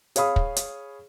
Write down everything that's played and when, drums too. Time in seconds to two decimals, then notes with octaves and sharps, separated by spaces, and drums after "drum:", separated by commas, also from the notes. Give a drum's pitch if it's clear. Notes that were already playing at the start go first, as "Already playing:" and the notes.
0.16 G#4 C#5 F5 B5 D#6, drum: hi-hat
0.36 drum: kick
0.56 drum: hi-hat